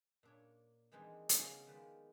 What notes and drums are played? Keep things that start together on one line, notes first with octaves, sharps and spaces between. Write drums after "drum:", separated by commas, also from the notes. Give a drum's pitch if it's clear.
A#2 D4 C#5
D#3 E3 G3 G#3 C4 D4
C#3 F3 B3 C#4, drum: hi-hat
D#3 F3 G#3 B4 D5